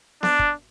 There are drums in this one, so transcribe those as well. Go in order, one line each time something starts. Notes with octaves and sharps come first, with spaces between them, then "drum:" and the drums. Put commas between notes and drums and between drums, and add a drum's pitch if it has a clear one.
D4, drum: snare B3
drum: kick